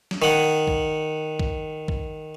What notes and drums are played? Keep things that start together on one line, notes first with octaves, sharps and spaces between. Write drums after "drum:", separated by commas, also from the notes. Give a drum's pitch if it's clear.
drum: snare
D#3 F#5
drum: kick
drum: kick
drum: kick